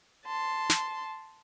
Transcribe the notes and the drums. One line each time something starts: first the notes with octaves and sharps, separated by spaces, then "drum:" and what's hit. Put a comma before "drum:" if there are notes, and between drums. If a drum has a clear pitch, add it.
A5 C6
drum: snare